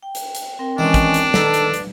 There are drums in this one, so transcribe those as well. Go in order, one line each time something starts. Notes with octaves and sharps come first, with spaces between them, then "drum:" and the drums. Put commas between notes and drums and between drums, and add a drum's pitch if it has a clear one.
G5
drum: hi-hat
drum: hi-hat
C4 A#4 G5
D#3 E3 G#3 C#4 D4
drum: kick, hi-hat
drum: hi-hat
D#3 A4 B4 D5 A#5, drum: snare
drum: hi-hat
drum: hi-hat